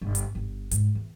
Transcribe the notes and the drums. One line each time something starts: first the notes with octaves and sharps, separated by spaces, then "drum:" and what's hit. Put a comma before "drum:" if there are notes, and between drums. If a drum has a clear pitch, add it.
G1
drum: hi-hat
G1
G#2, drum: hi-hat
E2